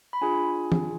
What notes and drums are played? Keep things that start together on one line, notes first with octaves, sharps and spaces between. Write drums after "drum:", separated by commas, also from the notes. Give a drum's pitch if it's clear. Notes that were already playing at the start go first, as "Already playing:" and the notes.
B5
D4 F4 G#4 G#5
drum: tom